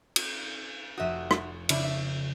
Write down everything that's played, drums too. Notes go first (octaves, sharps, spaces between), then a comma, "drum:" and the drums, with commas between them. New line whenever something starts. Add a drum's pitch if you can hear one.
drum: cymbal
F1 F#4 E5 D#6
drum: rim click
C#3 D4 E4 E5, drum: cymbal
E5